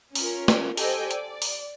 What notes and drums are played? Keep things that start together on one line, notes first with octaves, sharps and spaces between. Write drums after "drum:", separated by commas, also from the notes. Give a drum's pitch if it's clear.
C#4 F4 A#4, drum: open hi-hat
drum: snare
G4 A4 C5 D#5 G5 G#5, drum: open hi-hat
D5, drum: hi-hat
drum: open hi-hat